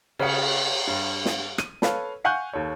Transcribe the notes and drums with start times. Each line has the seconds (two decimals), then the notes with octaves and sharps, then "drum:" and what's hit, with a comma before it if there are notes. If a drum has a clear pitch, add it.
0.19 C#3 C#7, drum: cymbal
0.87 G2
1.25 drum: snare
1.58 D#7, drum: rim click
1.82 A4 B4 C#5 F5, drum: snare
2.24 F5 F#5 G#5 C#6 F#6 G6
2.53 D#2 A4 C#5